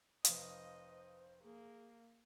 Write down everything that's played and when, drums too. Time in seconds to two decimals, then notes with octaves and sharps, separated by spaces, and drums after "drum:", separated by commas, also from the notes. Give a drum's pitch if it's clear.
0.25 F1 C5 D#5 F5 D#6, drum: hi-hat
1.43 A#3 G#4